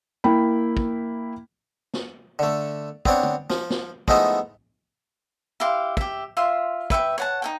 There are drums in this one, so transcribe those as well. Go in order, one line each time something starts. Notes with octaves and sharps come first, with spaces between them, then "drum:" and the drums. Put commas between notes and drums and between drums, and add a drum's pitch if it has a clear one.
A#3 E4 G5 B5
drum: kick
drum: snare
D3 A3
B3 C4 D4 C#5, drum: kick
drum: tom
F3, drum: snare
drum: snare
F3 G#3 A3 B3 D#4 E4, drum: kick
E4 G4 F5 C6
G4 E5, drum: kick
F4 E5 C6
B4 E5 G5 C#6, drum: kick
C#5 F#5 A5
D#4 A4 G5